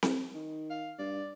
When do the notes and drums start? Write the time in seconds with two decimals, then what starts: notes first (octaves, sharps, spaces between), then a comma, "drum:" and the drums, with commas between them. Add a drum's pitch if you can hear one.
0.03 drum: snare C4
0.34 D#3
0.70 F5
0.99 G2 D5